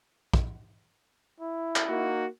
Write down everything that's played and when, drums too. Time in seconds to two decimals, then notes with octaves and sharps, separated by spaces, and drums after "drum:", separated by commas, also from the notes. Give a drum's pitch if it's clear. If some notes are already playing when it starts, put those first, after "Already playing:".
0.33 drum: kick
1.40 E4
1.76 drum: clap
1.89 A#3 D#4 F#4